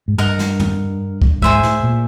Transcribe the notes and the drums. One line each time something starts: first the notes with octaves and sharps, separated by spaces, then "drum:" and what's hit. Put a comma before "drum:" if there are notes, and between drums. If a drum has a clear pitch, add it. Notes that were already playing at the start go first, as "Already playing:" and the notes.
G#2
G2 A#4 D#5 F#5
drum: snare
drum: tom
drum: kick
G#2 G#4 C5 E5, drum: kick
A2, drum: snare
A#2